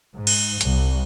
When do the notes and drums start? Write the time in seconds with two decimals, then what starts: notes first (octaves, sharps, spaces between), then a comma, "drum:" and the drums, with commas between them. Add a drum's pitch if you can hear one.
0.15 G#2
0.27 drum: cymbal
0.61 C2, drum: hi-hat